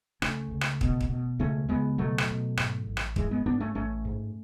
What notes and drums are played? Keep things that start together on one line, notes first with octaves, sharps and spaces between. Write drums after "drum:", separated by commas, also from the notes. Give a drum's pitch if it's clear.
C#2 A3 C#4, drum: rim click
C#2
drum: rim click
B2, drum: kick
drum: kick
B2
C#2 A3 C#4
C#2 G#3 B3
B2 F#3 A3
drum: rim click
B2
G#2, drum: rim click
A1
drum: rim click
G#2 E3 G#3, drum: kick
G#3 B3
G#2 B3 D4
A3 C#4
A1 A3 C#4
G#2